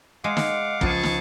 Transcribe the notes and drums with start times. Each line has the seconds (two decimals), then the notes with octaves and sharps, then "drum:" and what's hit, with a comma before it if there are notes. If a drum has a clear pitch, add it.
0.24 G#3 F5 F#5 D6
0.37 drum: snare
0.81 C#2 F3 G#4 A5 C#6 D#7, drum: kick
1.03 drum: snare